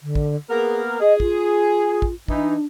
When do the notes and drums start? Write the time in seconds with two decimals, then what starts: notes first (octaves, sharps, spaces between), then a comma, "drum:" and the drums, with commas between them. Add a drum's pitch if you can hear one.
0.02 D3
0.15 drum: kick
0.50 A#3 B3 G#4 A#4
1.01 G#4 D#5
1.20 F4, drum: kick
2.02 drum: kick
2.28 E3 D4 D#4, drum: kick